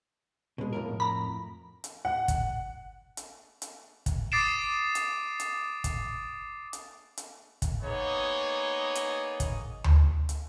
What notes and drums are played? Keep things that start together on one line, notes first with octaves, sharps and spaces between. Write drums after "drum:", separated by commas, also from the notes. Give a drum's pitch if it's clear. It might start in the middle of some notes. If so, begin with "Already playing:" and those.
B2 G#3
F2 A2 A#4
A#5 B5
drum: hi-hat
F#5
drum: kick, hi-hat
drum: hi-hat
drum: hi-hat
drum: kick, hi-hat
D6 D#6 A6 C7 D7 E7
drum: hi-hat
drum: hi-hat
drum: kick, hi-hat
drum: hi-hat
drum: hi-hat
drum: kick, hi-hat
A#3 B3 D#4 G#4 C#5 D#5
drum: hi-hat
drum: kick, hi-hat
drum: tom D2
drum: hi-hat